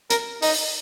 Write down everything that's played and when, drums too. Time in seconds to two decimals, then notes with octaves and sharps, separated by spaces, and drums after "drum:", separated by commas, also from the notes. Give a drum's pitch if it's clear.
0.10 A#4, drum: hi-hat
0.42 D#4, drum: open hi-hat